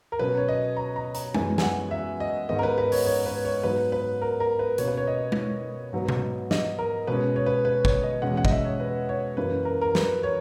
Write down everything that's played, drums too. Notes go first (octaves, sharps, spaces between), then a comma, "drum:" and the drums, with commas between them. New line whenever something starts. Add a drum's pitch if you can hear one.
A#4
B2 F#3 C#4 B4
C#5
D#5
A#5
A#5
A#5, drum: hi-hat
F#2 E3 G#3 B3 G#5, drum: tom G#3
G#5, drum: snare
F#5
E5
D#5
G#2 D#3 G#3 B3 D#5
A#4
B4
B4
C#5, drum: open hi-hat
C#5
B4
C#5
G#2 F#3 B3 B4
B4
A#4
A#4
B4
B2 A#3 C#4 C#5, drum: hi-hat
B4
C#5
D#5
drum: tom G#3
G#2 F#3 B3
drum: tom B2
D#5, drum: snare
A#4
B2 G#3 C#4 B4
C#5
B4
B4
C#5, drum: kick
D#5
E2 B2 G#3 C#4 F#5
F#5
D#5, drum: kick
E5
C#5
B4
C#5
F#2 E3 A#3 C#4 B4
A#4
A#4
B4, drum: snare
C#5